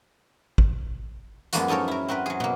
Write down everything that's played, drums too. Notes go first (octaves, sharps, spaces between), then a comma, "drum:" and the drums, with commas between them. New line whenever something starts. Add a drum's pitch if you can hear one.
drum: kick A1
F#2 F3 G#3 A#3 B3 F#4, drum: hi-hat
C#4 D#4 A4 A#4 C#5
E4 A#4
C4 F#4 A#4 B4
F#3 G#4
B2 A#3